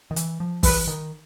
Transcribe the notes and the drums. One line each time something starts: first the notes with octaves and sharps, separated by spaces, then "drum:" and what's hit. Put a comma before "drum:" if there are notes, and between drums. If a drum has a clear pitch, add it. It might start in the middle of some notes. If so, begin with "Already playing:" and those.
D#3
E3, drum: hi-hat
F3
E3 B4, drum: kick, open hi-hat
D#3